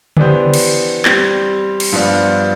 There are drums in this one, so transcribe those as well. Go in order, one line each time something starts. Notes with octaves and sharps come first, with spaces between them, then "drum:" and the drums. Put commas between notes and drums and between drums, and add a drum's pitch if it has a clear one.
E3 B3 D4 G4 C5, drum: tom C#3
drum: cymbal
G3 C4 G4, drum: clap
drum: cymbal
G2 F3 B3 D4 F4